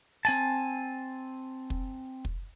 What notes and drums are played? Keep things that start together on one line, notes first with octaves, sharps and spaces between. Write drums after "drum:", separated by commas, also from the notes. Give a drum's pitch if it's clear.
C4 G#5 A5, drum: open hi-hat
drum: kick
drum: kick